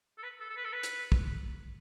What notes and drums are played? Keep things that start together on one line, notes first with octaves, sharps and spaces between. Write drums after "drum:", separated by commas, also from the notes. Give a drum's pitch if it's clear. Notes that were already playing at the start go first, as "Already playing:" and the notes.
A4
B4
A4
A4
B4
A4
B4
drum: hi-hat
drum: kick